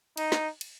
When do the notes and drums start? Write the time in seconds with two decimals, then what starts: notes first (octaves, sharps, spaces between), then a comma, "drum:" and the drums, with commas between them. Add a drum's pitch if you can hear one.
0.17 D#4, drum: cymbal
0.32 drum: snare
0.61 drum: cymbal